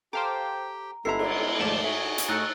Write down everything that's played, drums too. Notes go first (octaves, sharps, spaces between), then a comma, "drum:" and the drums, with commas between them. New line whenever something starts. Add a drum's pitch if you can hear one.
G4 A4 C5 F5 G5 A#5 D6
G1 G#3 B3 E4 A4 E5 A#5 C7
drum: cymbal
D#2 G#2 F3 A3 D5 E7
F#4 G#4 E5
drum: hi-hat
A2 D#4 C#6 E6 F#6 A6